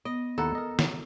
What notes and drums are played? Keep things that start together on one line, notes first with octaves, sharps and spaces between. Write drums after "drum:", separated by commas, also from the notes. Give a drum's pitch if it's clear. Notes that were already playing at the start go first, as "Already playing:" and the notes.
B3 D#5
D#2 E4 A4 F#5 A#5
A#4 D#5
drum: snare